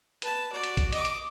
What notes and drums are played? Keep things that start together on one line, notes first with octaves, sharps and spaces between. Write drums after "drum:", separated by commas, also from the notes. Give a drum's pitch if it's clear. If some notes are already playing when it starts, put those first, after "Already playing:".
B4 A5, drum: hi-hat
F#4 D5
drum: hi-hat
drum: kick, hi-hat
D#5 D6, drum: hi-hat
drum: hi-hat